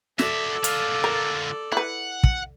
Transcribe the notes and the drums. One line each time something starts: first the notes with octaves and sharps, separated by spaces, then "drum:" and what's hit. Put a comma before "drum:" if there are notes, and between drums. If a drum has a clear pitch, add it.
F#4 A4 D5 E5, drum: snare
D3 F4, drum: hi-hat
A#4
E4 B4 F#5
drum: kick